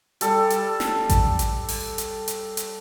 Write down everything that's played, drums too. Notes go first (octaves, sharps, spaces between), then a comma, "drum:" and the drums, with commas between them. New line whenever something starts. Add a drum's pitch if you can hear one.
G3 A4, drum: hi-hat
drum: hi-hat
drum: snare
drum: kick A1, hi-hat
drum: hi-hat
drum: open hi-hat
drum: hi-hat
drum: hi-hat
drum: hi-hat